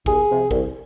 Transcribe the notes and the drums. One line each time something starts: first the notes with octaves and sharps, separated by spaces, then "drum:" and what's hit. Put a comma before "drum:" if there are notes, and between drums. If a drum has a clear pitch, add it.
C2 G#4, drum: kick
C3 F3
C2, drum: kick